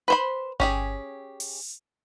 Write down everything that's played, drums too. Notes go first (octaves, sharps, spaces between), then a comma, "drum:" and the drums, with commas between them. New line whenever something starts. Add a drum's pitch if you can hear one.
B4 C5 B5
C#4 G4 G#4, drum: kick G1
drum: open hi-hat